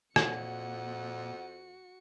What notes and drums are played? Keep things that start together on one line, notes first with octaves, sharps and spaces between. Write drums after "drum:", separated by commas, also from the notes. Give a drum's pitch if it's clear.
F2 A#2 F#4 F#5 C#7, drum: rim click